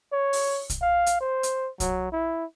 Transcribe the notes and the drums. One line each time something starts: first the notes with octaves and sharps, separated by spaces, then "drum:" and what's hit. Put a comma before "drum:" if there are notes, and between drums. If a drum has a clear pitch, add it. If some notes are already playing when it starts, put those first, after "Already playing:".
C#5
drum: open hi-hat
drum: kick, hi-hat
F5
drum: hi-hat
C5
drum: hi-hat
F#3, drum: kick, hi-hat
E4